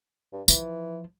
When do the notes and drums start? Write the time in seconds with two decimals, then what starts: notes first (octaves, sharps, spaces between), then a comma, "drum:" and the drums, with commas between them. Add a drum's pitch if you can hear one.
0.33 G2
0.48 E3 F3, drum: tambourine